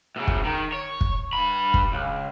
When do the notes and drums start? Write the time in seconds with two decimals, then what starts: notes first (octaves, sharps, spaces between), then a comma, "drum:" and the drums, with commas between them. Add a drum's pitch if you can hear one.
0.16 A2 C#3
0.28 drum: kick
0.45 D#3
0.72 C#5
1.01 drum: kick
1.33 G2 B5
1.74 drum: kick
1.92 C#2